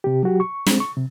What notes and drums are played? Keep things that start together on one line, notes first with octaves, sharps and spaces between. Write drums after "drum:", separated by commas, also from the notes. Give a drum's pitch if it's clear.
C3 G4
F#3 F#4 G4
C#6
G#3 C4, drum: snare
C#6
C3